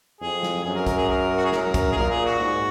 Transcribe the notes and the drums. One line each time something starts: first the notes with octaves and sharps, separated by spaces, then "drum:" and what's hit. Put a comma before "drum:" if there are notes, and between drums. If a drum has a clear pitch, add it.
F2 G#4
drum: snare
F#2 G#4
A#4
A#4, drum: kick, hi-hat
G#4
A#4
F#4
G#4
F#2 A#4, drum: snare
drum: kick, hi-hat
G#4
A#2 A#4
G#4
F#4
G#2